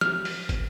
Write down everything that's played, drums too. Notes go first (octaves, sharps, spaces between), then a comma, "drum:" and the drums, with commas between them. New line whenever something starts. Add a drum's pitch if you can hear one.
F6, drum: snare
drum: open hi-hat
drum: kick, hi-hat